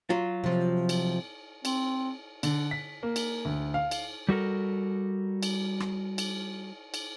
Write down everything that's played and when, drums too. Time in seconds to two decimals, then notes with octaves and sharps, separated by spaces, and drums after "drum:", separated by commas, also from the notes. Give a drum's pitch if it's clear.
0.10 F#3 F4
0.44 C3 F3
0.89 drum: cymbal
1.65 C4, drum: cymbal
2.43 D3, drum: cymbal
2.71 B6
3.03 A#3
3.16 drum: cymbal
3.45 D2
3.74 F5
3.91 drum: cymbal
4.29 G3 F#4 A4 A#4
5.43 drum: cymbal
5.80 drum: rim click
6.18 drum: cymbal
6.94 drum: cymbal